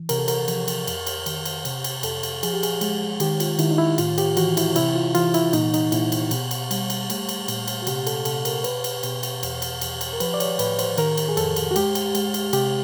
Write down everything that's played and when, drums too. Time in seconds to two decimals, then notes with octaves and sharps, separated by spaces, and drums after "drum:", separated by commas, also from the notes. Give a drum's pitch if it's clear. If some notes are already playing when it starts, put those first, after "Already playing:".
Already playing: E3
0.09 C3 A#4, drum: cymbal
0.19 A4
0.28 A#4, drum: cymbal
0.48 F3, drum: cymbal
0.68 drum: cymbal
0.87 F2, drum: cymbal
1.07 drum: cymbal
1.26 D#3, drum: cymbal
1.45 drum: cymbal
1.65 C3, drum: cymbal
1.84 drum: cymbal
2.03 F2 A4, drum: cymbal
2.23 drum: cymbal
2.43 F3 G#4, drum: cymbal
2.53 G4
2.63 G#4, drum: cymbal
2.81 G#3, drum: cymbal
3.20 D#3 G4, drum: cymbal
3.40 F4, drum: cymbal
3.59 D#3 E4, drum: cymbal
3.71 D#4
3.78 E4
3.98 A2 F4, drum: cymbal
4.18 G4, drum: cymbal
4.37 E3 F#4, drum: cymbal
4.57 E4, drum: cymbal
4.76 C3 E4, drum: cymbal
4.95 F4
5.15 E3 F4, drum: cymbal
5.34 E4, drum: cymbal
5.53 A#2 D#4, drum: cymbal
5.74 D#4, drum: cymbal
5.92 A#2 E4, drum: cymbal
6.12 drum: cymbal
6.31 B2, drum: cymbal
6.51 drum: cymbal
6.71 G3, drum: cymbal
6.90 drum: cymbal
7.10 A3, drum: cymbal
7.29 drum: cymbal
7.48 A#2, drum: cymbal
7.68 drum: cymbal
7.82 F#4
7.87 C3 G4, drum: cymbal
8.07 A4, drum: cymbal
8.25 C3 A4, drum: cymbal
8.45 A#4, drum: cymbal
8.64 B2 B4, drum: cymbal
8.84 drum: cymbal
9.03 B2, drum: cymbal
9.23 drum: cymbal
9.43 E2, drum: cymbal
9.62 drum: cymbal
9.81 E2, drum: cymbal
10.01 drum: cymbal
10.13 A#4
10.20 F3 B4, drum: cymbal
10.34 D5
10.40 C#5, drum: cymbal
10.59 A2 B4, drum: cymbal
10.79 C5, drum: cymbal
10.98 D#3 A#4, drum: cymbal
11.17 drum: cymbal
11.29 G#4
11.37 F2 A4, drum: cymbal
11.56 drum: cymbal
11.71 F#4
11.76 G#3 G4, drum: cymbal
11.95 drum: cymbal
12.15 G#3, drum: cymbal
12.34 drum: cymbal
12.53 C3 G4, drum: cymbal